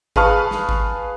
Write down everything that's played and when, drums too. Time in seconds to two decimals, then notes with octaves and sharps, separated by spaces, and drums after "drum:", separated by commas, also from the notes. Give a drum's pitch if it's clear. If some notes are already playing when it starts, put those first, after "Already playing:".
0.16 G#4 B4 F5 A5 C#6 F6, drum: kick G#1
0.51 drum: snare
0.69 drum: kick G#1